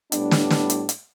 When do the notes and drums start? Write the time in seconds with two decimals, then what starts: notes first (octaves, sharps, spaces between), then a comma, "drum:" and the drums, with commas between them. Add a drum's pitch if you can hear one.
0.12 A2 G3 B3 D4, drum: hi-hat
0.31 drum: snare
0.50 drum: snare
0.70 drum: hi-hat
0.89 drum: hi-hat